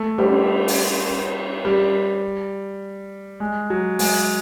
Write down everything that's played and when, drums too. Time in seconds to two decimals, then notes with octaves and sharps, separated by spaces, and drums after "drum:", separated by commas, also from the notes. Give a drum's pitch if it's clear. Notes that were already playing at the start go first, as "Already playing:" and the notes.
Already playing: A3
0.18 G3, drum: cymbal
0.68 drum: open hi-hat
1.65 G3
3.40 G#3
3.70 F#3
3.99 G#3, drum: open hi-hat